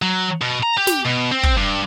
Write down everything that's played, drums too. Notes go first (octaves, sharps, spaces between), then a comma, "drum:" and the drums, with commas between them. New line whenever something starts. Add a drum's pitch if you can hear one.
F#3
B2
A#5
G4
drum: snare
B2
C4
drum: kick
G2